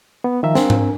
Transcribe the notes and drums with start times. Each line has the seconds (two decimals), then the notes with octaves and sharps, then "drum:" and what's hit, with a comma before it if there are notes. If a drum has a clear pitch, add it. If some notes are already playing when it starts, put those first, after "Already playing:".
0.24 B3
0.43 D#3 F3 E5 F5 A#5
0.55 C4 D4 A#4 G#5, drum: snare
0.70 drum: tom G#2